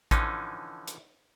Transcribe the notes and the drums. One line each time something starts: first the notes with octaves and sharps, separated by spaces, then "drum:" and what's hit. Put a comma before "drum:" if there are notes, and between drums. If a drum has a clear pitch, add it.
D3 E3 F3 C#4 D#4, drum: kick A1, hi-hat
drum: hi-hat